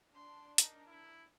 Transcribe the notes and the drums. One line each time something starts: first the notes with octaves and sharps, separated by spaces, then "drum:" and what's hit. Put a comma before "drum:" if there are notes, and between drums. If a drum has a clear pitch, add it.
D4 C6
D#4 A#4, drum: hi-hat
E4